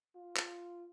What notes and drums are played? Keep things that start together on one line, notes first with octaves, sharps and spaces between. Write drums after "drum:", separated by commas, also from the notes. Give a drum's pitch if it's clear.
F4
drum: clap